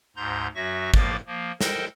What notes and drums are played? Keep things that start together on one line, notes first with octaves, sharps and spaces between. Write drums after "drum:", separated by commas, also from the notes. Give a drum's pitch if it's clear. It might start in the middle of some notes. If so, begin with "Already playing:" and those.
D2 G#2 A#5 C6 G6
F#2 F#3 F#4 E5 C#6 A#6
A2 F3 A#3 D6 A6, drum: kick
F3 A#3
A4 A#4 C5 D#5 G5, drum: snare